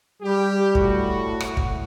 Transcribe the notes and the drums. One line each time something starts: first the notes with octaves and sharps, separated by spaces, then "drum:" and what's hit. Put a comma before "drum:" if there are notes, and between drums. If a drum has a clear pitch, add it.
G3 G4
A2 F#4, drum: kick
drum: rim click
drum: kick